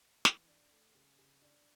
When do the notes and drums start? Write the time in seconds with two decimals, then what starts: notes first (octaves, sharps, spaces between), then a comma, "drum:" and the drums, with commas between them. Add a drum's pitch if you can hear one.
0.25 E3, drum: snare
0.48 D4
0.72 A3
0.95 C#3
1.19 C#3
1.42 D4